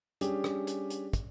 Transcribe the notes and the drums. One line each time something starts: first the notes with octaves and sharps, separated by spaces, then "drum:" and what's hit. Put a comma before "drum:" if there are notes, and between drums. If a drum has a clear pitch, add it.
G3 C#4 D4 G4 G#4, drum: hi-hat
drum: rim click
drum: hi-hat
drum: hi-hat
drum: kick, hi-hat